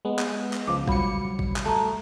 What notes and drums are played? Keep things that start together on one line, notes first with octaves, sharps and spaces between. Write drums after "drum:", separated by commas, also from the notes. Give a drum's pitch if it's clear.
G#3 B3
drum: clap
drum: clap
C#2 F3 D6
F#3 G3 B5 C#7, drum: kick
drum: kick
drum: clap
A3 A5 A#5